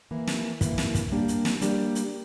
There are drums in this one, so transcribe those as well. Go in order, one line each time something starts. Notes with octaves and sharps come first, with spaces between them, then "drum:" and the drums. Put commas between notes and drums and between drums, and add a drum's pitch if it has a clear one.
E3 A#3 E4
drum: snare
E3 A#3 E4, drum: kick, hi-hat
drum: snare
drum: kick, hi-hat
G3 A#3 D4 G4 D5
drum: hi-hat
drum: snare
G3 A#3 D4 G4 D5, drum: hi-hat
drum: hi-hat